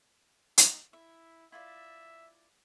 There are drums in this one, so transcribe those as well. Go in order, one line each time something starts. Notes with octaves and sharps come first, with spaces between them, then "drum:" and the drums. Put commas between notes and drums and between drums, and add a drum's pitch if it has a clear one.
D#4, drum: hi-hat
E4 E5
E4 F4 D5 E5